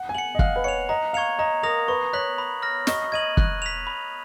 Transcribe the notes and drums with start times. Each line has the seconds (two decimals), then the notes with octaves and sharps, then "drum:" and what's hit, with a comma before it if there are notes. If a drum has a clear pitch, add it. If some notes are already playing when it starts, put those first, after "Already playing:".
Already playing: F#5
0.09 G#5
0.15 F#5 C#7 F#7
0.35 D#5
0.39 F5 F#6, drum: kick
0.56 B4
0.64 C#5 C#7 F7
0.89 D#5 A#5
1.13 F5 C#6 G#6 C#7 F7
1.39 D#5 A#5
1.63 A#4 D#6 A#6 F7
1.88 B4 C#6
2.13 C#5 F#6 B6 F#7
2.38 B5
2.63 F6 A#6
2.87 D#5 C#6, drum: snare
3.12 D#5 G#6 D#7 F#7
3.37 F#6, drum: kick
3.62 B6 F7
3.87 B5